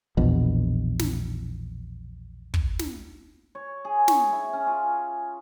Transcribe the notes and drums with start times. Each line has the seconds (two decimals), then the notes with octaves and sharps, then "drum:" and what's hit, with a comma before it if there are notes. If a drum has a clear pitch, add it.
0.17 A#1 E2 B2
0.99 drum: snare
2.54 drum: kick
2.79 drum: snare
3.55 C#5
3.85 G#4
4.08 C#6, drum: snare
4.32 E4
4.53 C#4
4.67 F4